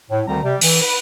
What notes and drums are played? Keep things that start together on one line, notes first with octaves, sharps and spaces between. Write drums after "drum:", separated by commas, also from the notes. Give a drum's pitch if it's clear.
A2
D2 D3 D#3 G3 C4 A#5
C3 G3
E3, drum: open hi-hat
B4